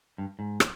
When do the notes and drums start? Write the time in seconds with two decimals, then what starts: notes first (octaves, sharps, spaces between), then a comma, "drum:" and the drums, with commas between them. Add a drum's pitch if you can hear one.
0.18 G2
0.39 G#2
0.60 drum: rim click